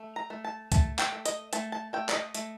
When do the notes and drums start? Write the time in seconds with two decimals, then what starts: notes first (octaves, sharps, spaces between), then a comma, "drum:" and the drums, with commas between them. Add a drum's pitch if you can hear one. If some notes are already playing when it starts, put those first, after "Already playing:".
Already playing: A3
0.16 A#5
0.30 A3
0.44 A5
0.72 A3 A5, drum: kick C#2, hi-hat
0.99 G5, drum: clap
1.12 A3
1.26 D#5, drum: hi-hat
1.53 A3 A5, drum: hi-hat
1.72 A5
1.93 A3 G5
2.09 D5, drum: clap
2.13 D#5
2.35 A3, drum: hi-hat